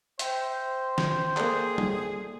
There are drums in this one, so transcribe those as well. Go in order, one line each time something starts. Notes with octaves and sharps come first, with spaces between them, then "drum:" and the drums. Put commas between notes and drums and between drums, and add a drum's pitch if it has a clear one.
C5 E5 G5, drum: hi-hat
drum: snare
A#3 G#4 A4 D5, drum: clap
drum: tom